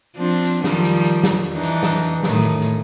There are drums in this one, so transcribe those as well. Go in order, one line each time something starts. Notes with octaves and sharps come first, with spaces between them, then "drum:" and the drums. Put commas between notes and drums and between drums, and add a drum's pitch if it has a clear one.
F3 C4 D4
drum: hi-hat
D#3 F3 G3, drum: snare
drum: hi-hat
drum: hi-hat
drum: snare
drum: hi-hat
E3 D4 D#4
drum: hi-hat
drum: snare
drum: hi-hat
A2 D#3, drum: snare
drum: hi-hat
drum: hi-hat